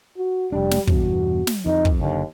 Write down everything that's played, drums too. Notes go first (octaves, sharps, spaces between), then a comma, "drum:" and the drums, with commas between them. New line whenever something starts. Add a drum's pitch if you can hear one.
F#4
F1 G3 D4
drum: snare
E2 G2 B2 F#4, drum: kick
drum: snare
F2 D#4
drum: kick
F#1 D#2 D3